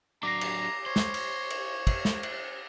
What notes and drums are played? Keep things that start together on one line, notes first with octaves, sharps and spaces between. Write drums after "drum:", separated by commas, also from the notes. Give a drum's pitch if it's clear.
F#3 D4 A#5 D6 A#6 C7
drum: cymbal
C5 C#5
drum: snare
drum: cymbal
drum: cymbal
drum: kick, cymbal
drum: snare
drum: cymbal